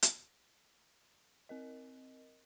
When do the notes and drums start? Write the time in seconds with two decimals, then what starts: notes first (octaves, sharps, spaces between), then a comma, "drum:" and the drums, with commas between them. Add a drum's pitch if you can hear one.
0.03 drum: hi-hat
1.49 C4 A#4 D#5